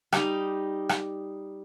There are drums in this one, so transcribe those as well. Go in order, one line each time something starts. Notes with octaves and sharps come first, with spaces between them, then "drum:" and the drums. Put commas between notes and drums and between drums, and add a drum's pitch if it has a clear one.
G3 D#4, drum: rim click
drum: rim click